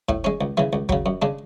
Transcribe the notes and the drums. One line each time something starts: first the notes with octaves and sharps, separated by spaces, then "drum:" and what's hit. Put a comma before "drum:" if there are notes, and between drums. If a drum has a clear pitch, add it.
A2, drum: kick
G#3 C#4
C#2
C#3 E3 G#3
C#2
C#3 F#3, drum: kick
F#2
C#3 G#3 D4